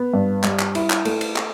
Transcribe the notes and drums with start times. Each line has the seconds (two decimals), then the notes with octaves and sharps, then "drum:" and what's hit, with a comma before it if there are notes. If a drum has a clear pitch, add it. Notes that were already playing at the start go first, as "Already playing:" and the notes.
Already playing: B3
0.14 G2
0.44 G3, drum: clap
0.59 drum: clap
0.75 E4, drum: cymbal
0.90 drum: clap
1.05 A3, drum: cymbal
1.21 drum: cymbal
1.36 drum: clap